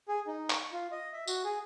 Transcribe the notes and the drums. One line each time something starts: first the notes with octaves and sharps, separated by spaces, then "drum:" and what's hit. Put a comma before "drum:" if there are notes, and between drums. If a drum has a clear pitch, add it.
G#4
D#4
C#6, drum: clap
F4
D#5
E5
F#4, drum: tambourine
G#4